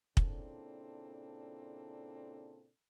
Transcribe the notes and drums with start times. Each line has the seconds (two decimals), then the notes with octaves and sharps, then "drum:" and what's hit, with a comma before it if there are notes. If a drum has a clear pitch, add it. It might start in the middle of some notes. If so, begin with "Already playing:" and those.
0.17 A#2 C#3 C4 D4 E4 A4, drum: kick